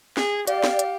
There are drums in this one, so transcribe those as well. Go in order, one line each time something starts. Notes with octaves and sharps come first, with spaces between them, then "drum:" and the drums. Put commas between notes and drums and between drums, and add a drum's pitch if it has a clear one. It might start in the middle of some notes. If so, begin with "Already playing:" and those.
G#4, drum: snare
G4 D5 F5, drum: hi-hat
drum: snare
drum: hi-hat